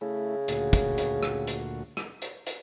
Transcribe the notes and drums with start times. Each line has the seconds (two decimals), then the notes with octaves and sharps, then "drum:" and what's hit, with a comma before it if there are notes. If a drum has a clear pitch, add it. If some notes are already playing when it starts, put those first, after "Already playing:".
0.01 C#3 A3 E4
0.48 D2 A#2 F#4, drum: hi-hat
0.73 drum: kick, hi-hat
0.98 drum: hi-hat
1.23 drum: rim click
1.47 drum: hi-hat
1.97 drum: rim click
2.22 drum: hi-hat
2.47 drum: hi-hat